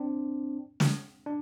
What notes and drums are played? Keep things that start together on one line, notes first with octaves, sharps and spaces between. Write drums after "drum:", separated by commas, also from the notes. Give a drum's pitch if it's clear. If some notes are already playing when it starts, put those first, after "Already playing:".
Already playing: C4 D4
drum: snare
D4